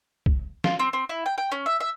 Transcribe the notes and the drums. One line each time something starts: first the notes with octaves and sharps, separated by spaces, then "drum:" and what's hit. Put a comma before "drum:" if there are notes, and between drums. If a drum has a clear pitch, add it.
drum: kick
F4, drum: snare
C4
C4
E4
G5
G5
C#4
E5
E5